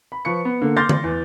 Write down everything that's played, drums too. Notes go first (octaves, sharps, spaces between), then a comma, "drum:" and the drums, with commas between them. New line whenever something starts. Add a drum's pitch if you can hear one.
B5
F3 B4 C#6 C#7
B3
D3 A#3
C6 D6 F6 G6 A6 A#6
drum: tom D3
E2